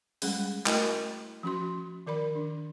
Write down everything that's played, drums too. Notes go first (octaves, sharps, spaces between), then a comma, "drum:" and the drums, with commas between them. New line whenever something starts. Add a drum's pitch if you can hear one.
G3 G#3 C#4 G#4, drum: open hi-hat
A3 E4 F#4 A#4 D#5 G5, drum: clap
F3 C#4 F#4 C6
D#3 A#4 D5 B5
D4